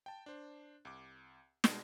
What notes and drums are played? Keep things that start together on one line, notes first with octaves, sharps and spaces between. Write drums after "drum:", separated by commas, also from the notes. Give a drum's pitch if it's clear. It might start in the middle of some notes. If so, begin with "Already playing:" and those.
G5 A5
D4 C5
C2 D6
B2 G#3, drum: snare